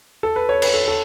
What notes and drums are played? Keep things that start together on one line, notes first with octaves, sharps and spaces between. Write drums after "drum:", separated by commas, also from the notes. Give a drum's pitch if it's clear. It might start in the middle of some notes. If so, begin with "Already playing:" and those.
A4
B4
C#5
B4, drum: cymbal
A4
A4